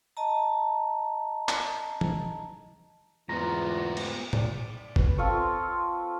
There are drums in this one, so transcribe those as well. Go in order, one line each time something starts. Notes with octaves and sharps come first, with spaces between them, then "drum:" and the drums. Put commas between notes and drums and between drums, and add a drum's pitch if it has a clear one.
D#5 A5 A#5
drum: clap
drum: tom
E2 G#2 B3 F4 A#5
drum: cymbal
D5, drum: tom
B4, drum: kick G1
C4 F4 A4 C#5